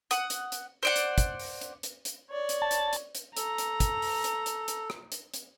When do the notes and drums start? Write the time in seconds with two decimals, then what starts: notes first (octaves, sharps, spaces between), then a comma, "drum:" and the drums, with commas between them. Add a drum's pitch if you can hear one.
0.11 F#5 D#6, drum: hi-hat
0.30 drum: hi-hat
0.52 drum: hi-hat
0.83 C5 D5 F#5
0.96 drum: hi-hat
1.18 drum: kick, hi-hat
1.40 drum: open hi-hat
1.61 drum: hi-hat
1.83 drum: hi-hat
2.05 drum: hi-hat
2.30 C#5 D5
2.49 drum: hi-hat
2.62 A5
2.71 drum: hi-hat
2.93 drum: hi-hat
3.15 drum: hi-hat
3.37 A4 A#5, drum: hi-hat
3.58 drum: hi-hat
3.80 drum: kick, hi-hat
4.02 drum: open hi-hat
4.24 drum: hi-hat
4.46 drum: hi-hat
4.68 drum: hi-hat
4.90 drum: rim click
5.12 drum: hi-hat
5.34 drum: hi-hat